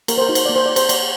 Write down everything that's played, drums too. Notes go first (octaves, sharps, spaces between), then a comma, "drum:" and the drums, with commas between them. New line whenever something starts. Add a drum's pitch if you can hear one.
A#3 A#4, drum: cymbal
C5
A#4
D#4 F#4
C5, drum: cymbal
A#3 D5
C5
D#4 F#4 D5
C5, drum: cymbal
A#3 D5, drum: cymbal